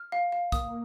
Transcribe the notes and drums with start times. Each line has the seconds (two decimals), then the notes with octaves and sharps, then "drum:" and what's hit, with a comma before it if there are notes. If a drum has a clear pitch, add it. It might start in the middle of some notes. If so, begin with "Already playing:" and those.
Already playing: F6
0.12 F5
0.32 F5
0.52 A#3 D#6, drum: kick, hi-hat